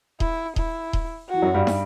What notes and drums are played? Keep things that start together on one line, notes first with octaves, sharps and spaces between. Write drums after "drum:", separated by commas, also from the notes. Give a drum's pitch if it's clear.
E4, drum: kick D#1
E4, drum: kick D#1
drum: kick D#1
E3 F#4
F#2 F#3
G2 G3
drum: snare